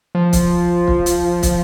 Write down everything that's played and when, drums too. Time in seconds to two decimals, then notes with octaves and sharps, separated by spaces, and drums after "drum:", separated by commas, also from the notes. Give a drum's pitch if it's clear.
0.15 F3
0.33 drum: kick, hi-hat
0.88 drum: kick
1.06 drum: hi-hat
1.43 drum: kick, hi-hat